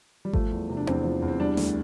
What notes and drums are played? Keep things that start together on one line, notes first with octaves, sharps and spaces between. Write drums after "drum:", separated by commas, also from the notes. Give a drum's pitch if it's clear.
G3
F3 A3, drum: kick G#1
E2
C3
D4
E2 C4, drum: tom C4
F3
E2
C4
G3 D4
D2, drum: snare